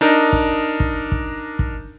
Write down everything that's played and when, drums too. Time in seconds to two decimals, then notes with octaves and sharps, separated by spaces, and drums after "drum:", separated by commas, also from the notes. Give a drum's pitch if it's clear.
0.01 D4 D#4 A#4
0.33 drum: kick
0.80 drum: kick
1.12 drum: kick
1.59 drum: kick